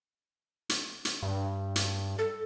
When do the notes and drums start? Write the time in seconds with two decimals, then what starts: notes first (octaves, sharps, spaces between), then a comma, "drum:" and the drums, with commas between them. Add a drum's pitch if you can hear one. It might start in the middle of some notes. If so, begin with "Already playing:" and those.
0.69 drum: hi-hat
1.05 drum: hi-hat
1.23 G2
1.76 drum: hi-hat
2.18 A4